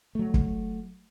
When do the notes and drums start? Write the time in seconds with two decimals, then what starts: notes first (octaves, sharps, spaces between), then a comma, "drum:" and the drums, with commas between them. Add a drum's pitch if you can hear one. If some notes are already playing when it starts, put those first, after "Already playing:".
0.15 F#3 A3
0.34 drum: kick